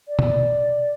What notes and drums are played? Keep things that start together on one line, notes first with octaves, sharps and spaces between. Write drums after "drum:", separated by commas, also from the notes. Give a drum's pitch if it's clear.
D5
drum: tom